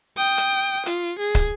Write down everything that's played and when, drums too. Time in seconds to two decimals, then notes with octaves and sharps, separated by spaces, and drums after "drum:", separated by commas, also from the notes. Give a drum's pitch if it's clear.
0.18 G5 D#6
0.38 drum: hi-hat
0.86 F4, drum: hi-hat
1.19 G#4
1.35 drum: kick, hi-hat